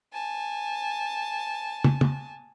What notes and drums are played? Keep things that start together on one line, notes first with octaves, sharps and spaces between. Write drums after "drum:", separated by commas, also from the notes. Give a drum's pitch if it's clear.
G#5 A5
drum: tom
drum: tom